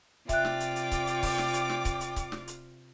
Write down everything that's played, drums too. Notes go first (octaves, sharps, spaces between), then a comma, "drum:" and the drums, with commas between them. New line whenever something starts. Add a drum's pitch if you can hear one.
C3 F4 D5 E5 G5 D6 F#6, drum: kick C#1, hi-hat
drum: snare
drum: hi-hat
drum: hi-hat
drum: kick C#1, hi-hat
drum: hi-hat
drum: kick C#1, open hi-hat
drum: snare
drum: hi-hat
drum: snare
drum: kick C#1, hi-hat
drum: hi-hat
drum: kick C#1, hi-hat
drum: snare
drum: hi-hat